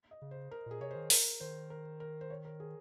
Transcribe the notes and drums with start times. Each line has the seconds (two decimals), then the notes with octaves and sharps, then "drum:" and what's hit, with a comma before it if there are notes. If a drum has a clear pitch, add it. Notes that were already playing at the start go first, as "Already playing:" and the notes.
0.11 D#5
0.22 C#3
0.31 C5
0.51 A#4
0.66 A#2 G#4
0.81 C3 C#5
0.91 C5
0.96 D#3
1.10 A#4, drum: open hi-hat
1.40 D#3 C5
1.70 A#4
2.00 A#4
2.21 C5
2.30 C#5
2.45 A#4
2.60 G#4